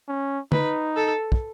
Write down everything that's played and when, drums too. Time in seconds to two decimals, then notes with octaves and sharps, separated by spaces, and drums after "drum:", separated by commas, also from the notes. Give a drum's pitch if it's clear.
0.08 C#4
0.52 D#4 B4, drum: tom
0.96 A4
1.32 drum: kick